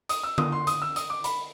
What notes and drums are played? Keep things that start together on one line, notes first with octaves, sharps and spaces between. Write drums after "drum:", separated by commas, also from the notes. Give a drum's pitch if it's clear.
D#6, drum: hi-hat
E6
D#6, drum: tom D3
C6
D#6, drum: hi-hat
E6
D#6, drum: hi-hat
D6
B5, drum: hi-hat